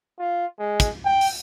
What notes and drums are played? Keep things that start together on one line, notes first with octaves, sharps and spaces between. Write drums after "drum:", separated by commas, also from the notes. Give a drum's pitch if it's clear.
F4
G#3
drum: kick, hi-hat
G5
drum: open hi-hat